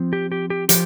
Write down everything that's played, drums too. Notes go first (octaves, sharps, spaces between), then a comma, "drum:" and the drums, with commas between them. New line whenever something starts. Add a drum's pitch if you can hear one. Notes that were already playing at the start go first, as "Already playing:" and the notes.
Already playing: F3 C4
G4
G4
G4
F3 G4, drum: hi-hat